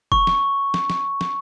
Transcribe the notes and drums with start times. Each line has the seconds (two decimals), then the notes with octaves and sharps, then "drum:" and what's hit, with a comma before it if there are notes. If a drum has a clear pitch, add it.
0.12 C#6, drum: kick
0.27 drum: snare
0.74 drum: snare
0.90 drum: snare
1.21 drum: snare